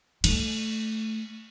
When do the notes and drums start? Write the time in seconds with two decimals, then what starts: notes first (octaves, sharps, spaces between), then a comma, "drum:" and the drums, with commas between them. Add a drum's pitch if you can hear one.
0.24 A3, drum: cymbal